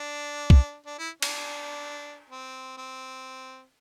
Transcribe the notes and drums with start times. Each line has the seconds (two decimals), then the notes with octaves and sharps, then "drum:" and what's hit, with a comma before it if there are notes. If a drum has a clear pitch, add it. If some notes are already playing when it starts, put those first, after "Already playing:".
Already playing: D4
0.50 drum: kick
0.86 D4
0.98 E4
1.22 D4, drum: cymbal
2.30 C4
2.77 C4